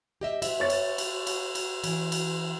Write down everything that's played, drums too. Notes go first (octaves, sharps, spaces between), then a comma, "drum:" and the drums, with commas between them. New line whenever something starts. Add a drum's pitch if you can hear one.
G4 D#5 E5
E5, drum: cymbal
C#5 A6
drum: cymbal
drum: cymbal
drum: cymbal
drum: cymbal
E3, drum: cymbal
drum: cymbal